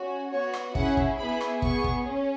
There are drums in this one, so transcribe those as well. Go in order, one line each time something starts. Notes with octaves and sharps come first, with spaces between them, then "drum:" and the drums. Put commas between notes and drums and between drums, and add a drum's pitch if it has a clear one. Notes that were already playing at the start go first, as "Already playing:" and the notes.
Already playing: C#4 F#4
B3 F#4 C#5
drum: rim click
C#4 E4 G#4 F#5, drum: kick
drum: kick
B3 E4 G#4 B5
drum: rim click
B3 G#4 C#6, drum: kick
drum: kick
C#4